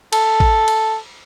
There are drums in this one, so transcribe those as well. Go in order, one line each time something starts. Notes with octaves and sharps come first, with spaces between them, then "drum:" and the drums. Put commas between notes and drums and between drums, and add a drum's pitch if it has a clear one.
A4, drum: cymbal
drum: kick A1
drum: cymbal